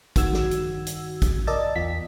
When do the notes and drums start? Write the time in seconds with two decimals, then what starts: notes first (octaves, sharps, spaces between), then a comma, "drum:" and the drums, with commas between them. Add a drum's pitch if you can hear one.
0.16 G2 D#3 F#4 E6 G#6, drum: kick, hi-hat
0.34 drum: snare
0.51 drum: hi-hat
0.87 drum: hi-hat
1.22 drum: kick, hi-hat
1.47 A#4 D5 D#5 A5 E6 A6
1.76 E2 F4 B6